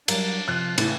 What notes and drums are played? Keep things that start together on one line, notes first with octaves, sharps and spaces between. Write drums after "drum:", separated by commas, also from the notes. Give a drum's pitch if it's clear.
F#3 G3 D4 A#4, drum: cymbal
C3 F3 F4 F#6
A2 C#3 E3 A5, drum: cymbal